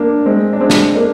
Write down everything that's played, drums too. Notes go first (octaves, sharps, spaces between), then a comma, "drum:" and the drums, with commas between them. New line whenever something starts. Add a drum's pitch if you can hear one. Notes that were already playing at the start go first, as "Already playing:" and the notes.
Already playing: A#3 D4
G#3 C4
D4
G#3 C4
drum: snare
A#3 D4